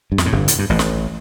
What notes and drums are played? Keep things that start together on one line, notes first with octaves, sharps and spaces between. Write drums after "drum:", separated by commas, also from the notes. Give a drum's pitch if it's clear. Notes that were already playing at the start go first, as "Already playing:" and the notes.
G2
F2, drum: snare
A2
G1 G2
A2, drum: hi-hat
G2
A1 A2
drum: snare